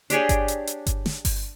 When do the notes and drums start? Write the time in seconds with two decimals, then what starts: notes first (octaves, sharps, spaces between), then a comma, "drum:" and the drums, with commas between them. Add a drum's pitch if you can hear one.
0.10 D4 G4 G#4 C#5, drum: hi-hat
0.29 drum: kick G1, hi-hat
0.48 drum: hi-hat
0.67 drum: hi-hat
0.86 drum: kick G1, hi-hat
1.06 drum: snare
1.25 drum: kick G1, open hi-hat